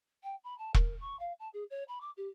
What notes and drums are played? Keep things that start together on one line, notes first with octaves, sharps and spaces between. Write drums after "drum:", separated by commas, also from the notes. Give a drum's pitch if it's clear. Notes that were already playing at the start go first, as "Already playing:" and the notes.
G5
B5
A5
A#4, drum: kick E1
C#6
F5
A5
G#4
C#5
B5
D6
G4